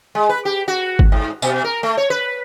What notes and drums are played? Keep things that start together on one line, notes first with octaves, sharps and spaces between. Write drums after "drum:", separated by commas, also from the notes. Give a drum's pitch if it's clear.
G#3
B4
G4
F#4
drum: kick G#1
G#2
B2, drum: tambourine
A#4
A3
C#5
B4